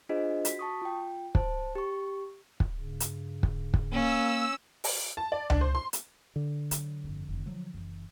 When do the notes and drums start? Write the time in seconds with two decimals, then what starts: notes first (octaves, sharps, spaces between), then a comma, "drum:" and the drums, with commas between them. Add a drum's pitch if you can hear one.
0.09 D4 F4 G#4 C5 D#5
0.45 F#4 B6, drum: hi-hat
0.59 A5 C#6 D#6
0.82 F4 G5
1.35 C5 A5, drum: kick
1.75 G4 C#6
2.60 drum: kick
2.78 G2 C#3
3.00 drum: hi-hat
3.43 drum: kick
3.74 drum: kick
3.92 A#3 C#4 E6
4.84 drum: open hi-hat
5.17 A5
5.32 D5
5.50 D4, drum: tom C#2
5.61 C5
5.75 C6
5.93 drum: hi-hat
6.36 D3
6.71 F#3, drum: hi-hat
7.04 G1 F2
7.28 F1 D#3
7.46 F3 F#3
7.74 F#1 E3